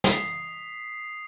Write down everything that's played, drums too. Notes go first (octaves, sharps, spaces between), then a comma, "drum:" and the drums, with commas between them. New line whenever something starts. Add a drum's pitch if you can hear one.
D#6 B6 C7, drum: snare